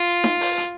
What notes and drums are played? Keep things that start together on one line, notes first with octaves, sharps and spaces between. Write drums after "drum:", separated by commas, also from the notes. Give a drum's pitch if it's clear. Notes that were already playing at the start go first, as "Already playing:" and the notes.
Already playing: F4
drum: snare D#4
drum: open hi-hat
drum: hi-hat